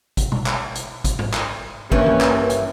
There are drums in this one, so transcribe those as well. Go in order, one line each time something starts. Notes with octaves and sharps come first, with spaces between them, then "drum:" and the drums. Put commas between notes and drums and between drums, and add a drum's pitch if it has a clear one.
drum: kick, hi-hat
drum: tom
drum: clap
drum: hi-hat
drum: kick, hi-hat
drum: tom G#2
drum: clap
G2 E3 A#3 C#4, drum: kick
drum: tom D#3
drum: clap
drum: hi-hat